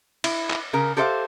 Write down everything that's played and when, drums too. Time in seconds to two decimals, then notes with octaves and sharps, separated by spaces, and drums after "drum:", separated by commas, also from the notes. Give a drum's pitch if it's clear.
0.24 E4, drum: cymbal
0.51 drum: clap
0.73 C#3 A#4
0.97 G4 A4 C5 C#5 E5 F5